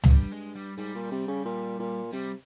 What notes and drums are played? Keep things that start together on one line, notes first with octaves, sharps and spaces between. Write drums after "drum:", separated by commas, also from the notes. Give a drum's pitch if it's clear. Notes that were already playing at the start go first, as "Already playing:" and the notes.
F3, drum: tom C#2
G2 G3
G#3
G3
G#2 G3
A#2
C3
C#3
A#2
A#2
C3 G3